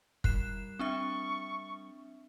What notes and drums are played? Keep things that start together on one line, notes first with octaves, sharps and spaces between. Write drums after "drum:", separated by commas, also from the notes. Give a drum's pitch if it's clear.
G3 E4 A#4 F#6 C7 E7, drum: kick
C4 D4 E5 C#6